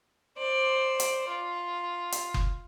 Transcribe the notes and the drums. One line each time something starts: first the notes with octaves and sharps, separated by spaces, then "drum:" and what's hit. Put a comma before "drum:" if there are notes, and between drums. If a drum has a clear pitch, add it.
C5 D5
drum: hi-hat
F4
drum: hi-hat
drum: kick F#1